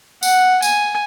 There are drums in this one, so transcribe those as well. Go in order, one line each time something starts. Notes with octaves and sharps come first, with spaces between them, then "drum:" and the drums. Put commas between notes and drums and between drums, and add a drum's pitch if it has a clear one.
F#5, drum: tambourine
G#5, drum: tambourine